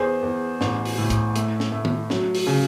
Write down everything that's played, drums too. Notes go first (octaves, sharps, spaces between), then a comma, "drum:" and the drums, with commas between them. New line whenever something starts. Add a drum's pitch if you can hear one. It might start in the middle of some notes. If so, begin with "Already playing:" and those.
Already playing: E2 G#4 C5
E2
A1, drum: snare
drum: open hi-hat
A2
drum: kick, hi-hat
A3, drum: hi-hat
drum: snare
A3
drum: tom D#3
F#3, drum: snare
drum: open hi-hat
C#3